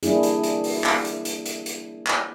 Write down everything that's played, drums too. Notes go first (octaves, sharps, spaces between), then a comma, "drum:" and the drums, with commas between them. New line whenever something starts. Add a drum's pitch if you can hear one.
G3 A#3 D4 E4 G#4, drum: hi-hat
drum: hi-hat
drum: hi-hat
drum: open hi-hat
drum: clap
drum: hi-hat
drum: hi-hat
drum: hi-hat
drum: hi-hat
drum: clap